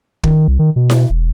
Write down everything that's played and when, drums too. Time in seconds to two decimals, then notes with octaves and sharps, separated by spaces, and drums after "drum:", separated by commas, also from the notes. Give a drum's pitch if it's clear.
0.24 D#3, drum: kick
0.48 C2
0.59 D#3
0.76 B2
0.90 drum: snare E4
1.10 E1